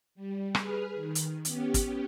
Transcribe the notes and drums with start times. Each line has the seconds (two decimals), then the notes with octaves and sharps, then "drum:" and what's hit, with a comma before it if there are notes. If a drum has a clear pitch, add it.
0.15 G3
0.55 G#4 B4 F6, drum: rim click
0.94 D#3
1.15 drum: hi-hat
1.45 B3 C#4 G4, drum: hi-hat
1.74 drum: kick, hi-hat